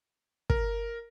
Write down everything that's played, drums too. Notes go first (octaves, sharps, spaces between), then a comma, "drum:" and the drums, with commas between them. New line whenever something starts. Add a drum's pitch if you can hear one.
A#4, drum: kick